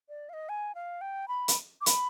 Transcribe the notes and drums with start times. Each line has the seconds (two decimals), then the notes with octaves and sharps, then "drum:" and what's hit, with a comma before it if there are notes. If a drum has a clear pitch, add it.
0.09 D5
0.29 F5
0.33 D#5
0.49 G#5
0.75 F5
1.01 G5
1.28 B5
1.48 drum: hi-hat
1.81 D6
1.86 B5, drum: hi-hat